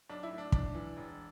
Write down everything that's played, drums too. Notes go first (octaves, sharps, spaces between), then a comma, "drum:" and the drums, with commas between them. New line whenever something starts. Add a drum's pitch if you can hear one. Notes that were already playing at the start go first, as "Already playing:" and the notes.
B1 D4
E4
A2
D4
B1 D4, drum: kick
E3
E1